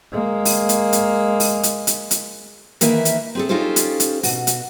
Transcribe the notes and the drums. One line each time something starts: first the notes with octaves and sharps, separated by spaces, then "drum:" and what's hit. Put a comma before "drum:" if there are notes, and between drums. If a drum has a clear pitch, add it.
G#3 A#3
drum: open hi-hat
drum: hi-hat
drum: hi-hat
drum: open hi-hat
drum: hi-hat
drum: hi-hat
drum: hi-hat
D#3 E3 A#3 E4 B4 E5, drum: hi-hat
drum: hi-hat
C4 G#4 A4
C#4 D#4 F4 G4 A4 C5
drum: hi-hat
drum: hi-hat
B2 F#4, drum: open hi-hat
drum: hi-hat